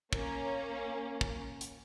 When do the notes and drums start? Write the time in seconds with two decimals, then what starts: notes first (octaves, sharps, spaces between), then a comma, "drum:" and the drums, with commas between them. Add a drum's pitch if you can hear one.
0.13 A#3 C#4, drum: kick
1.21 drum: kick
1.61 drum: hi-hat